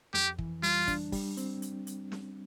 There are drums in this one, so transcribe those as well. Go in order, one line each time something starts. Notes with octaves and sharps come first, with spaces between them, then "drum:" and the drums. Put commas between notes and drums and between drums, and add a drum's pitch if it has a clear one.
F2 G4, drum: snare
E3, drum: kick
G3 F4, drum: open hi-hat
D4, drum: kick, hi-hat
G3, drum: kick, open hi-hat
C4, drum: hi-hat
drum: hi-hat
drum: hi-hat
drum: snare